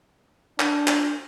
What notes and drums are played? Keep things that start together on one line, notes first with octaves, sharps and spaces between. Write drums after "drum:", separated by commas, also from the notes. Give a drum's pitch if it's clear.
D4, drum: clap
drum: clap